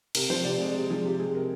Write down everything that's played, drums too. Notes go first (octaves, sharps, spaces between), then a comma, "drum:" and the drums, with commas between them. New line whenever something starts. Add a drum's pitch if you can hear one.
C3 A#4, drum: cymbal
F3 C5
C3 D5
G#3 D5
C3
F3 G#4
C3 G4
G#3 G#4
C3 A#4